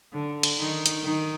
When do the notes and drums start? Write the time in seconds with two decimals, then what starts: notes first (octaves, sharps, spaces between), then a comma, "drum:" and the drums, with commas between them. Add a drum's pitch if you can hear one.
0.14 D3
0.43 drum: cymbal
0.59 D#3
0.86 drum: hi-hat
1.04 D#3